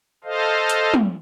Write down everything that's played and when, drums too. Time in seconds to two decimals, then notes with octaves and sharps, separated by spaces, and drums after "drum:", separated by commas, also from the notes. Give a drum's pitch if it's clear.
0.24 A4 C5 D#5 F5
0.69 drum: hi-hat
0.94 drum: tom